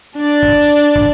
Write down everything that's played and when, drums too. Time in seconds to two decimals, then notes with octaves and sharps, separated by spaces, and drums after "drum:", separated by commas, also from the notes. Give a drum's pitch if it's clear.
0.16 D4 D5
0.43 drum: kick
0.96 drum: kick